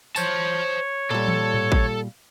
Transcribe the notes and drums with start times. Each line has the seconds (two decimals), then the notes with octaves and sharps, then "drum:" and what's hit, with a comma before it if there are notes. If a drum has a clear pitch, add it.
0.16 C5 C#5 A5, drum: tambourine
1.10 A#2 G3 A4
1.28 drum: tom E3
1.54 drum: tom G#2
1.72 drum: kick